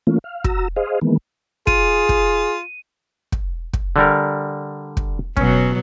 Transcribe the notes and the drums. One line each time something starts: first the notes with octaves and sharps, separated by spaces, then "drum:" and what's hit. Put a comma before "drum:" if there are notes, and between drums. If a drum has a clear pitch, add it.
E3 A3 A#3 C#4 F4
F5
F#4 A#5 E6, drum: kick
G#4 C5 D#5 F5
D#3 E3 G#3 A#3 B3
F4 G#4 D#7, drum: kick
drum: kick
drum: kick
drum: kick
D3 G3 A#4
drum: kick
B2 F#3 C#4, drum: kick